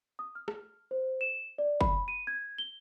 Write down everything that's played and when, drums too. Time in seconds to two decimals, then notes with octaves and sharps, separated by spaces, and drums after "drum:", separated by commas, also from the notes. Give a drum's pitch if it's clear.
0.19 D#6
0.35 F6
0.48 drum: rim click
0.91 C5
1.21 E7
1.58 D5
1.81 B5, drum: kick F#1
2.08 D#7
2.27 G#6
2.58 G7